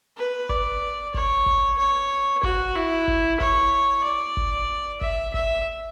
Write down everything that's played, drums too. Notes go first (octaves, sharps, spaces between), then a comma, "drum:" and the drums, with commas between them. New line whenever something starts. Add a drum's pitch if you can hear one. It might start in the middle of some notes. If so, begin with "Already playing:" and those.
B4
D5, drum: kick
C#5, drum: kick
drum: kick
C#5
F#4, drum: kick
E4
drum: kick
C#5, drum: kick
D5
drum: kick
E5, drum: kick
E5, drum: kick